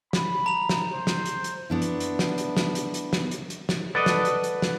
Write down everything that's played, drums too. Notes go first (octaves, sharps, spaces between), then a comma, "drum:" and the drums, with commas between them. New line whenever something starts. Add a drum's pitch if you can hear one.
B5, drum: snare
A#5 F7
drum: snare
C5
drum: snare
drum: hi-hat
drum: hi-hat
B3 D4 E4
drum: hi-hat
drum: hi-hat
drum: snare
drum: hi-hat
drum: snare
drum: hi-hat
drum: hi-hat
drum: snare
drum: hi-hat
drum: hi-hat
drum: snare
A4 B4 D5 D#5 F#5 A5
drum: snare
drum: hi-hat
drum: hi-hat
drum: snare